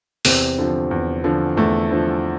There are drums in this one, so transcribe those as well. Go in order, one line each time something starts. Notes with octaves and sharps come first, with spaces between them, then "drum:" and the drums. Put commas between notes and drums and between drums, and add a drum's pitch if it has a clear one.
E2 C3 C4, drum: open hi-hat
D3 F3
E2
D3 F3
E2 A3 A4
D3 F3